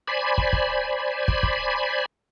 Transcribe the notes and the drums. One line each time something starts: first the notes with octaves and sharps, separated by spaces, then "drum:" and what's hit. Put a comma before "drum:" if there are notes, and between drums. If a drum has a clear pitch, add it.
C5 D5 G#5 B5
drum: kick
drum: kick
drum: kick
drum: kick